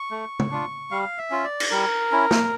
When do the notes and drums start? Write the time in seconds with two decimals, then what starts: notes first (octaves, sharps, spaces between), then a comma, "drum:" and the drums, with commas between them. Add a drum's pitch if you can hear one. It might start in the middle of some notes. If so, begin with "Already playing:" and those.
Already playing: C#6
0.11 A3
0.39 drum: tom
0.51 D4 F4
0.91 G3 F5
1.18 E5
1.30 C#4 F4
1.44 D5
1.60 drum: cymbal
1.71 G3 A#4
2.12 C#4 E4
2.31 drum: snare A#3